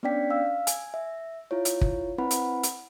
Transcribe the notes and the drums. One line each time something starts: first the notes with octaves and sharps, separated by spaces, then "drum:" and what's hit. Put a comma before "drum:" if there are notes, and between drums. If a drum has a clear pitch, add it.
B3 C#4 D4 D5 G5 B6
F5 E6
G#5, drum: hi-hat
E5
E4 F4 C#5
drum: hi-hat
drum: kick
C4 E4 B4 F#5 B5
drum: hi-hat
drum: hi-hat